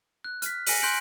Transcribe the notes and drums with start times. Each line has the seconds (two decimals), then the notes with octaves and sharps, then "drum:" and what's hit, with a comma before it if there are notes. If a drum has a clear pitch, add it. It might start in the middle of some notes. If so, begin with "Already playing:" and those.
0.24 F#6
0.42 F6 B6, drum: hi-hat
0.66 G#5 A#6 B6 C#7 D#7 F#7, drum: open hi-hat
0.82 C6 F#6 G6 B6 D7 F#7